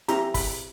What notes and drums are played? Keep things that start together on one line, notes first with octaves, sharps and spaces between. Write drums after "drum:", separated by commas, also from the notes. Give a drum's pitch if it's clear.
C4 E4 G4 A#5, drum: hi-hat
B5, drum: kick, open hi-hat